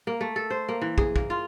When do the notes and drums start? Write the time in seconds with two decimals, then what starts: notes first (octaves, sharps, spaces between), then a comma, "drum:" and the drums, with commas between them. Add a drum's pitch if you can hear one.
0.07 A#3
0.21 A3
0.36 A4
0.50 C5
0.68 A#3
0.82 E3
0.98 G#4, drum: kick
1.16 A#3, drum: kick
1.30 F4